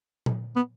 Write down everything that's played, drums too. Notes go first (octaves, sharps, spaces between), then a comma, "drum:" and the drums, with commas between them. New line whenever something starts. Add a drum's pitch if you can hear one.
drum: tom A#2
B3